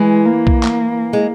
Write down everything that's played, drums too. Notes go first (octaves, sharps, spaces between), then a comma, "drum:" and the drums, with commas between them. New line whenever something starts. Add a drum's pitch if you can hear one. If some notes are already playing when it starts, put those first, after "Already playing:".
Already playing: E3 G#3
A#3
drum: kick
drum: clap
G#3